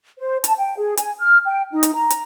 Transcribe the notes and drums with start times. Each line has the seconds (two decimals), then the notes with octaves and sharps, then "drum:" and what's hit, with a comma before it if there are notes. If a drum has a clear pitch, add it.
0.19 C5
0.44 A5, drum: hi-hat
0.59 G5
0.78 G#4
0.97 G#5, drum: hi-hat
1.19 F6
1.46 G5
1.71 D#4
1.83 drum: hi-hat
1.95 A#5
2.10 drum: hi-hat